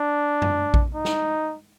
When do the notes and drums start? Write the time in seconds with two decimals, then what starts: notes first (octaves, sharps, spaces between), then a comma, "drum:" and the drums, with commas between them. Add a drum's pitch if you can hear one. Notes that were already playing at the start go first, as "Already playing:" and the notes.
Already playing: D4
0.42 drum: tom F#2
0.74 drum: kick A#1
0.94 D#4
1.05 drum: snare